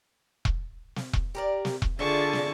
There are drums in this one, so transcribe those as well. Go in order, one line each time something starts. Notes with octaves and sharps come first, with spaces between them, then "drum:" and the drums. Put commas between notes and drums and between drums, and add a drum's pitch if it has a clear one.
drum: kick E1
drum: snare
drum: kick E1
G4 A#4 D5
drum: snare
drum: kick E1
D3 F4 G#4 D5 E5 A5 C#6
drum: snare